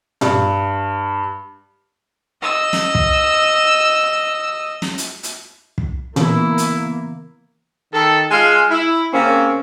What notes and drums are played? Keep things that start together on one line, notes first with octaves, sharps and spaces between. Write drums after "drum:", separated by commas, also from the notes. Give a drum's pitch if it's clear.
G2, drum: tom A#2
D#5 E6
drum: snare
drum: kick
drum: snare
drum: hi-hat
drum: hi-hat
drum: kick
C#3 E3 A#3 B3 E4, drum: tom A#2
drum: hi-hat
D#3 A4
G#3 F4 F5 G#5 C6
E4
C#3 A#3 C4 C#4